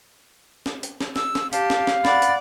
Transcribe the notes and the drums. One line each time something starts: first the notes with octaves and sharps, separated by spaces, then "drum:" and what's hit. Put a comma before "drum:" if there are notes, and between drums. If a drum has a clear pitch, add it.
drum: snare
drum: hi-hat
drum: snare
E6, drum: snare
drum: snare
G4 F5 A5, drum: hi-hat
drum: snare
drum: snare
D5 F#5 B5 A6, drum: snare
drum: hi-hat